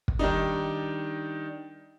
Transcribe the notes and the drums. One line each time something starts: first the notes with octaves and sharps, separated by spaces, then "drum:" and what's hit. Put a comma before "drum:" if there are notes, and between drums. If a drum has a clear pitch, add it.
drum: kick
D#3 G3 D4 D#4